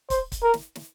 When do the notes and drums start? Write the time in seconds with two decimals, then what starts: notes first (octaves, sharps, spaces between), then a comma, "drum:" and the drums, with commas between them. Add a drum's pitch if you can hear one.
0.10 C5, drum: kick, hi-hat
0.32 drum: kick, hi-hat
0.42 A#4
0.54 drum: snare
0.75 drum: snare